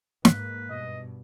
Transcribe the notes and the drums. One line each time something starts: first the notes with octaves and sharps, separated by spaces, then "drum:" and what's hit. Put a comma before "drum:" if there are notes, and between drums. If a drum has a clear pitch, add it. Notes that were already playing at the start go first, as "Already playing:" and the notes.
G#2 A#3 B4, drum: snare
G2 B2 D#5